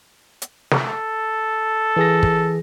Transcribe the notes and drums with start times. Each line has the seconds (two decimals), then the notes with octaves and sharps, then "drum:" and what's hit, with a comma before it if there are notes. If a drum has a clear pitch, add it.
0.42 drum: hi-hat
0.71 drum: snare
0.82 A4
1.96 E3 G#4 A#6
2.23 drum: kick